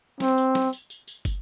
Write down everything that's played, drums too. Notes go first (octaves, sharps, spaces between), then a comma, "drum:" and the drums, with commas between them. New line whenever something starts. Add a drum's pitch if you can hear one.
C4, drum: snare
drum: tambourine
drum: snare
drum: tambourine
drum: tambourine
drum: tambourine
drum: kick, tambourine